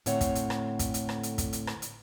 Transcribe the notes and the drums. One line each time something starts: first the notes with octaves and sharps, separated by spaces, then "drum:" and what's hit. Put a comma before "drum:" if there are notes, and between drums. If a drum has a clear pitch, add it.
A2 D3 C4 C#5 F#5, drum: hi-hat
drum: kick, hi-hat
drum: hi-hat
drum: rim click
drum: kick, hi-hat
drum: hi-hat
drum: rim click
drum: hi-hat
drum: kick, hi-hat
drum: hi-hat
drum: rim click
drum: hi-hat